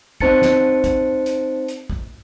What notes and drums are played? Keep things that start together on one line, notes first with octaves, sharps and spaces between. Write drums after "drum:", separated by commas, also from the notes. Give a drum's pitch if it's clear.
C4 D#4 C5 A5 A6 C#7, drum: kick
drum: snare
drum: kick, hi-hat
drum: hi-hat
drum: hi-hat
drum: kick